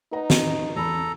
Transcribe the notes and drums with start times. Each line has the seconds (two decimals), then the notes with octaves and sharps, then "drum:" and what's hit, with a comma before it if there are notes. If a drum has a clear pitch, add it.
0.12 D#4 B4 F#5 A#5
0.30 drum: snare
0.76 E2 A4 A#5 B5